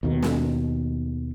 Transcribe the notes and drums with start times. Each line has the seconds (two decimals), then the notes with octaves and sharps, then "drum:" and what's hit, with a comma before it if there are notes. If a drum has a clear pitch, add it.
0.03 D#2 B2 D#3
0.23 drum: snare